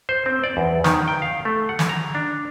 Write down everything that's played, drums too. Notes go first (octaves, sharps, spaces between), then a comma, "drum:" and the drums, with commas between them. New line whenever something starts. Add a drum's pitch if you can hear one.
C5
C4
D5
E2
D#3, drum: snare
G5
F5
A3
F#5
drum: snare
A#5
D4